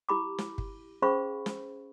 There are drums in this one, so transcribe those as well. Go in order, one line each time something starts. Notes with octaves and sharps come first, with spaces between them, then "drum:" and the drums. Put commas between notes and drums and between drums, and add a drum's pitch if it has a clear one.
E4 G4 B5 D6
drum: snare
drum: kick
C#4 G#4 C5 F5 B5 C#6
drum: snare